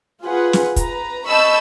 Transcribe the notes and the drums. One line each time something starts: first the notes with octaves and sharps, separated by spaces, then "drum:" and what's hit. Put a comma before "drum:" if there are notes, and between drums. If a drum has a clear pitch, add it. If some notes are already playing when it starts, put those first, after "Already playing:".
F4 G#4 B4 F#5
drum: snare
B4 A#5, drum: kick, hi-hat
D#5 A5 B5 C#6 E6 G6